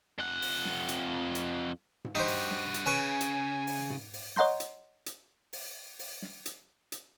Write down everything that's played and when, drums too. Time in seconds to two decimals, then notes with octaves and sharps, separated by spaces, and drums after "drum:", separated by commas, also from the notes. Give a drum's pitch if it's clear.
0.19 F2 F#5
0.42 drum: open hi-hat
0.65 drum: snare
0.88 drum: hi-hat
1.35 drum: hi-hat
2.05 drum: tom G#2
2.15 G2 D#4 F#4 G4 C5
2.28 drum: open hi-hat
2.51 drum: snare
2.74 drum: hi-hat
2.86 C#3 C#4 B4 G#5 C#6
3.21 drum: hi-hat
3.67 drum: open hi-hat
3.90 drum: tom G#2
4.13 drum: open hi-hat
4.36 C#5 D#5 F#5 A#5 C6 G6, drum: snare
4.60 drum: hi-hat
5.06 drum: hi-hat
5.53 drum: open hi-hat
5.99 drum: open hi-hat
6.22 drum: snare
6.46 drum: hi-hat
6.92 drum: hi-hat